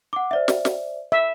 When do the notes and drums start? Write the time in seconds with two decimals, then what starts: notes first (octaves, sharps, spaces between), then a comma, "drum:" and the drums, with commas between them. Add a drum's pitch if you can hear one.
0.13 F#5 D6
0.31 C5 D5 E5
0.48 drum: snare
0.65 drum: snare
1.12 E5